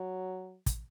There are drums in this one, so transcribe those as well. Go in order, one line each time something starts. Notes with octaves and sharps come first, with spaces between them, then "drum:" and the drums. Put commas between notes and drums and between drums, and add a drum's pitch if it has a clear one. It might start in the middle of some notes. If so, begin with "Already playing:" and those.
Already playing: F#3
drum: kick, hi-hat